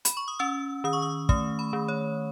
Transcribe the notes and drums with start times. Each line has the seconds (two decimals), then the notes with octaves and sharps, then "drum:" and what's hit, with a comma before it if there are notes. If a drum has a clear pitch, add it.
0.05 B5, drum: hi-hat
0.17 C#6
0.28 D#6
0.39 C#4 E6
0.84 D#3 D#6
0.93 C#6
1.02 D#6
1.29 A3 D#6, drum: kick
1.59 B5
1.73 D#3
1.88 C#5